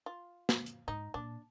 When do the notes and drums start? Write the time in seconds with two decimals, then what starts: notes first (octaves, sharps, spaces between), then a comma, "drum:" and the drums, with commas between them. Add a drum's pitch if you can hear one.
0.06 F4
0.49 drum: snare
0.66 drum: hi-hat
0.88 G#2 D#4
1.14 A#2 D4